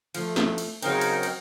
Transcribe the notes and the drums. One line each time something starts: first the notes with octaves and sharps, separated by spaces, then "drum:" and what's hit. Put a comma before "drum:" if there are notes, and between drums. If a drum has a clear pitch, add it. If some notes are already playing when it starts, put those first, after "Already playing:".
F3 A3, drum: cymbal
drum: snare
drum: cymbal
C#3 F#3 C4 D#4 A#4, drum: cymbal
drum: cymbal
drum: cymbal